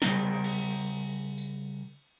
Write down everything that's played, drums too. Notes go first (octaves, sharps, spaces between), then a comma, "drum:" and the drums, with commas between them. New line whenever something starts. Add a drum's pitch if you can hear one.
C#3 G3 A#4, drum: snare
drum: cymbal
drum: tambourine